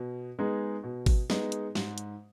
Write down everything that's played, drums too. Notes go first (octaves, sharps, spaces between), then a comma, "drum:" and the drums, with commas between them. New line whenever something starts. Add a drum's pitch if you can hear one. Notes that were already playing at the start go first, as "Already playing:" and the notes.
Already playing: B2
G#3 B3 D#4 G#4
B2
drum: kick G#1, open hi-hat
G#3 B3 D#4 G#4, drum: snare
drum: hi-hat
G#2, drum: snare
drum: hi-hat